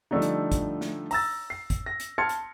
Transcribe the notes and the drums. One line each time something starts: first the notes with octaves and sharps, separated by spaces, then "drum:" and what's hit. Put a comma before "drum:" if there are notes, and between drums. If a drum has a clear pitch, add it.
D3 F3 G3 A3 D4 D#4
drum: hi-hat
drum: kick, hi-hat
drum: snare
A#5 E6 A6, drum: open hi-hat
C7
drum: kick, hi-hat
A#6
drum: hi-hat
A5 C6 F6 G#6 A6 C#7
drum: hi-hat